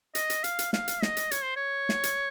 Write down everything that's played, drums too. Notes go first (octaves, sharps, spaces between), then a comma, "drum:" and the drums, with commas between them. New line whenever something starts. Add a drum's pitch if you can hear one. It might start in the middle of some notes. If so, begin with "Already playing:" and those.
D#5, drum: hi-hat
drum: hi-hat
F5, drum: hi-hat
drum: hi-hat
F5, drum: snare
drum: hi-hat
D#5, drum: snare
drum: hi-hat
C#5, drum: hi-hat
C5
C#5
drum: snare
drum: hi-hat